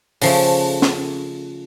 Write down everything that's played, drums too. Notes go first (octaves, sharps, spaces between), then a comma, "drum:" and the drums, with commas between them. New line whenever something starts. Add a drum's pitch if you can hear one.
C#3 F3 A3, drum: open hi-hat
drum: snare